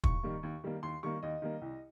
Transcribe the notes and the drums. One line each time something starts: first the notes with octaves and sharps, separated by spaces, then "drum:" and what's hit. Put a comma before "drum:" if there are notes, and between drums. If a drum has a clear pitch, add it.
D#2 C#6, drum: kick
D#3 G3 A#3
D#2
D#3 G3 A#3
D#2 C6
D#3 G3 A#3 C#6
D#2 D#5
D#3 G3 A#3
C2